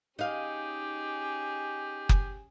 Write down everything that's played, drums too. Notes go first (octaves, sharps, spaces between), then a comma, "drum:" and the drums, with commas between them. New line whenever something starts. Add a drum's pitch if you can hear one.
C#4 D#4 G4 G#4 F5
drum: kick F#1